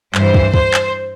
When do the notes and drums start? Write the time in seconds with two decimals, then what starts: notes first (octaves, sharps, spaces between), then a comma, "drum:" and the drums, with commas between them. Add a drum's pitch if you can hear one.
0.15 G2 E3 C5, drum: clap
0.34 drum: kick
0.54 C5, drum: kick
0.74 drum: clap